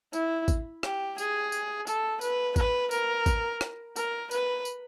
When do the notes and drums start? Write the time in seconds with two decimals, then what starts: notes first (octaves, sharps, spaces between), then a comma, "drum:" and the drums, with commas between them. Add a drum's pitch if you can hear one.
0.13 E4, drum: tambourine
0.48 drum: kick A1, tambourine
0.83 G4, drum: rim click
1.18 G#4, drum: tambourine
1.52 drum: tambourine
1.87 A4, drum: tambourine
2.21 B4, drum: tambourine
2.56 B4, drum: kick A1, tambourine
2.91 A#4, drum: tambourine
3.26 drum: kick A1, tambourine
3.61 drum: rim click
3.96 A#4, drum: tambourine
4.31 B4, drum: tambourine
4.65 drum: tambourine